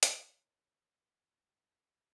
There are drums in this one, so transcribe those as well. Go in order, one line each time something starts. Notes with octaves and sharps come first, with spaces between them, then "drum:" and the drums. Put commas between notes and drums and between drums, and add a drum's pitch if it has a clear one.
drum: hi-hat
E4 A#4 C#5 D#5 F5